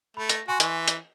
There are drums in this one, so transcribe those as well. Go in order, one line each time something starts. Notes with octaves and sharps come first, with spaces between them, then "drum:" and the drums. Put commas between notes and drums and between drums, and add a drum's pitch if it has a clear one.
A3 B5
A#6, drum: hi-hat
F#4 G#5 C6 C#6
E3, drum: hi-hat
drum: hi-hat